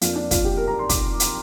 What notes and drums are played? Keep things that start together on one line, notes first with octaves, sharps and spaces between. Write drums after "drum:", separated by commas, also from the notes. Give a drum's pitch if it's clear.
F2 F3 A#3 D4 F4, drum: hi-hat
D4
F4, drum: kick, hi-hat
G4
A#4
A#5
C6
D6, drum: kick, hi-hat
drum: hi-hat